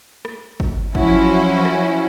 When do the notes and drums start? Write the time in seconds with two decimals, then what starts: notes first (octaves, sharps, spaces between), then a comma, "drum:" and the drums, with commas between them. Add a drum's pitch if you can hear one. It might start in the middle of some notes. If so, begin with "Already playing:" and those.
0.25 drum: rim click
0.60 drum: kick
0.95 F3 F#3 C#4 E4 F#4, drum: kick
1.65 drum: rim click